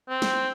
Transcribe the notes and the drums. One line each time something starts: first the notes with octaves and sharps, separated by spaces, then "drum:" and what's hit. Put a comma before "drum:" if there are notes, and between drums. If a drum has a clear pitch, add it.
C4
drum: snare